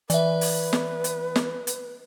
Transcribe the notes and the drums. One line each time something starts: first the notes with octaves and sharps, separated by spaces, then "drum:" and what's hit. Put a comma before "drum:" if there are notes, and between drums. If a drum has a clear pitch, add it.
E3 B4 D5 E5, drum: hi-hat
drum: open hi-hat
drum: snare
drum: hi-hat
drum: snare
drum: hi-hat